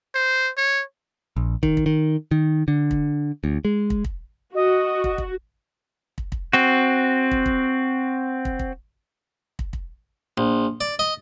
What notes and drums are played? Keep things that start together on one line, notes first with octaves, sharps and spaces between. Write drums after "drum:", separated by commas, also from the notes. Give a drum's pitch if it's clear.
C5
C#5
A#1
D#3, drum: kick
drum: kick
D#3
D#3
D3
drum: kick
D2
G#3
drum: kick
drum: kick
F#4 D#5
drum: kick
drum: kick
drum: kick
drum: kick
C4 F#4
drum: kick
drum: kick
drum: kick
drum: kick
drum: kick
drum: kick
A#1
D5
D#5